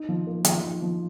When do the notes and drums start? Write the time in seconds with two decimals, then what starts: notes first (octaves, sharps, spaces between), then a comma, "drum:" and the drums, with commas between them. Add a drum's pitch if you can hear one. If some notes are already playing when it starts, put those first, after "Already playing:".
Already playing: D#4
0.09 F3
0.27 A#3
0.45 F3, drum: hi-hat
0.64 D#4
0.82 F3